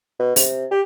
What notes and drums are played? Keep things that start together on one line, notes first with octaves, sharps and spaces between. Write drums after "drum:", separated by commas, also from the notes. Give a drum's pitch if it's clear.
B2
C3, drum: open hi-hat
G4